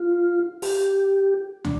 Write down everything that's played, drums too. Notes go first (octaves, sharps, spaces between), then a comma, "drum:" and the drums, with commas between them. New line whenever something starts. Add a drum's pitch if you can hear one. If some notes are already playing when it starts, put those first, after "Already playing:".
Already playing: F4
G4, drum: open hi-hat
D4, drum: tom